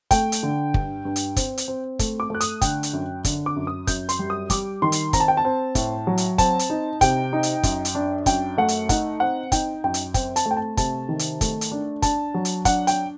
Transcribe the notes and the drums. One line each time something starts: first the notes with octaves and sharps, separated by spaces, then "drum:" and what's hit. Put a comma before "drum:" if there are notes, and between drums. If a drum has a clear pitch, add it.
A3 G5, drum: kick, hi-hat
drum: hi-hat
D3
G2, drum: kick
G2
drum: hi-hat
C4, drum: kick, hi-hat
drum: hi-hat
C4
A3, drum: kick, hi-hat
D6
A3 F#6
D#6, drum: hi-hat
D3 G5, drum: kick, hi-hat
drum: hi-hat
F#2
D3, drum: kick, hi-hat
D6
F#2
D#6
F#2 G6, drum: kick, hi-hat
C6, drum: hi-hat
G3
D#6
G3 D6, drum: kick, hi-hat
D#3 C6
drum: hi-hat
C4 A#5, drum: kick, hi-hat
A5
G5
A5
C4
A2, drum: kick, hi-hat
F#3
drum: hi-hat
C4 A5, drum: kick, hi-hat
drum: hi-hat
D#4
C3 G5, drum: kick, hi-hat
D#4
drum: hi-hat
F#2, drum: kick, hi-hat
drum: hi-hat
D4
F#2 G5, drum: kick, hi-hat
A3 F#5
drum: hi-hat
D#4 F#5, drum: kick, hi-hat
C4 F#5
D#4 G5, drum: kick, hi-hat
F#2 G5
drum: hi-hat
C4 G5, drum: kick, hi-hat
A5, drum: hi-hat
A3
G5
A5
C3 A5, drum: kick, hi-hat
D#3
drum: hi-hat
A3, drum: kick, hi-hat
drum: hi-hat
D4
D4 A5, drum: kick, hi-hat
F#3
drum: hi-hat
D4 F#5, drum: kick, hi-hat
G5, drum: hi-hat